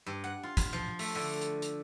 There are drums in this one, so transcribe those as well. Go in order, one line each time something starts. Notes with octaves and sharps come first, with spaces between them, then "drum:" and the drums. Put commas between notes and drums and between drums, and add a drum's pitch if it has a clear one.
G2
F#5
F4
drum: kick, hi-hat
F3
A3, drum: open hi-hat
D3
drum: hi-hat
drum: hi-hat